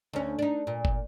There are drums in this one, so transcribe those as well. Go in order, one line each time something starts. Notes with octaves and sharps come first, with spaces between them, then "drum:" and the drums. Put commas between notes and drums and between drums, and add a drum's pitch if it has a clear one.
D2 C#4
D4 D#4
A#2
drum: kick